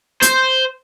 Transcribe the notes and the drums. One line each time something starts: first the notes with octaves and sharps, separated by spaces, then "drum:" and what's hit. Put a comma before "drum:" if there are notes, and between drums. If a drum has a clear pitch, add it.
C5, drum: hi-hat